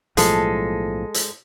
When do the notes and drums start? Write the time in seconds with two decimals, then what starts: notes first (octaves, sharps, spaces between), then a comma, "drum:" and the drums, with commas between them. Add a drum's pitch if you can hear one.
0.17 B1 A2 F3 G#3 A4, drum: hi-hat
1.14 drum: hi-hat